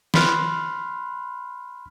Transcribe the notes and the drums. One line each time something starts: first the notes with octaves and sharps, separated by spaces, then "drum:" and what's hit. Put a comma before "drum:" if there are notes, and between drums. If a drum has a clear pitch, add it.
B5 C6 F6 F#6, drum: snare